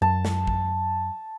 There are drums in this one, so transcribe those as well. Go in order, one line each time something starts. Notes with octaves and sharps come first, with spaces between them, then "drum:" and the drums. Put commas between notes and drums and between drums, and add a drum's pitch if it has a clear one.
F#2 A5
drum: snare
drum: kick